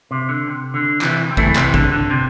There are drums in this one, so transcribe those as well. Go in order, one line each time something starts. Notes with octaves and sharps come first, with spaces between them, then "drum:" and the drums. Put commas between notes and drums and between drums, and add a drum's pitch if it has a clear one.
C3
D3
C3
D3
C3 E3, drum: clap
C4
E3 A3, drum: kick
C3 E3, drum: clap
D3, drum: kick
D3
C3